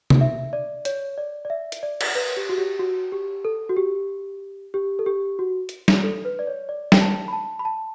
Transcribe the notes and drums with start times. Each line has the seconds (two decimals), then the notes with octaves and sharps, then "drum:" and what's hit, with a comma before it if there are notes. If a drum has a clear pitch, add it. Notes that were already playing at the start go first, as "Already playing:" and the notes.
0.10 drum: tom C3
0.21 E5
0.53 D5
0.85 C#5, drum: hi-hat
1.18 D5
1.45 D5
1.50 E5
1.72 drum: hi-hat
1.83 D5
2.01 drum: cymbal
2.15 B4
2.37 G4
2.49 F#4
2.58 G4
2.79 F#4
3.12 G4
3.45 A4
3.69 F#4
3.77 G4
4.74 G4
4.99 A4
5.06 G4
5.39 F#4
5.69 drum: hi-hat
5.88 drum: snare
6.03 A4
6.25 B4
6.39 D5
6.47 C#5
6.69 D5
6.92 G5, drum: snare
7.01 A5
7.28 B5
7.33 A5
7.59 B5
7.65 A5